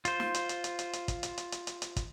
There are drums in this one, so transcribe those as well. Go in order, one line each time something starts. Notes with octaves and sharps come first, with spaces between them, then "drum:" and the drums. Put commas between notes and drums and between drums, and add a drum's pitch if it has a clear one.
F4 C5, drum: hi-hat
drum: snare
drum: hi-hat
drum: hi-hat
drum: hi-hat
drum: hi-hat
drum: hi-hat
drum: kick, hi-hat
drum: hi-hat
drum: hi-hat
drum: hi-hat
drum: hi-hat
drum: hi-hat
drum: kick, hi-hat